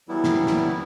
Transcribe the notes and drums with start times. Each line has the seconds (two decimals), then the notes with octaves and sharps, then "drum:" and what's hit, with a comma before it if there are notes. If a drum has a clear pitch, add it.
0.08 E3 F#3 G3 B3 E4
0.24 drum: snare
0.47 drum: snare